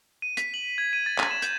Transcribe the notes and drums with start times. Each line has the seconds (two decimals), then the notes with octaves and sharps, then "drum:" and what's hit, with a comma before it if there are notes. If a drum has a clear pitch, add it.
0.22 D#7
0.37 B6, drum: hi-hat
0.54 F#7
0.78 G#6
0.93 D#7
1.06 A6
1.19 D#7, drum: clap
1.31 E7
1.42 G6, drum: hi-hat